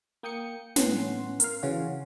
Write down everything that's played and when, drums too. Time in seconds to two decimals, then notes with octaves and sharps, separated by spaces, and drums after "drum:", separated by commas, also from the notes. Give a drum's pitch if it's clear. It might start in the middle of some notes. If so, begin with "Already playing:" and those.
0.23 A#3 G5 D#6 G6 C#7
0.76 A2 B3 C#4 F#5 C6, drum: snare
1.40 A#4 F5, drum: hi-hat
1.63 C#3 E3 C#4 F4 F#4